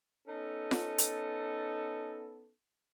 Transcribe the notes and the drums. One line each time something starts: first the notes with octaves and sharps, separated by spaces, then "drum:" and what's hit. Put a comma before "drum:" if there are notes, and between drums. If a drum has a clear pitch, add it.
B3 C#4 D#4 A4
drum: snare F4
drum: hi-hat